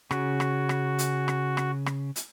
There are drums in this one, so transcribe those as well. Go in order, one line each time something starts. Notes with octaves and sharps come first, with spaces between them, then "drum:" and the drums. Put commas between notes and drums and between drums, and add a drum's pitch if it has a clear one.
C#3 F#4, drum: rim click
drum: rim click
drum: rim click
drum: hi-hat
drum: rim click
drum: rim click
drum: rim click
drum: hi-hat